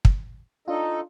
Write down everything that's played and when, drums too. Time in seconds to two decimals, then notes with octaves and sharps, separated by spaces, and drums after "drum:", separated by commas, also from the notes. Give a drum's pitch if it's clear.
0.05 drum: kick
0.68 D4 D#4 F4 A4 D#5